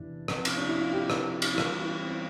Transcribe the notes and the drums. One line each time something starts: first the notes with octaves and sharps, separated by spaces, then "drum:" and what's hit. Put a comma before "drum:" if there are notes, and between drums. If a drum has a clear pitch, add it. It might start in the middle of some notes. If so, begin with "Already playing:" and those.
Already playing: E2 C3 E3 D4 E4
C3 F3 C4, drum: rim click
drum: cymbal
D4
E4
F4
G4
drum: rim click
drum: cymbal
E4
E3 G3 B3 F4, drum: rim click
E4
C4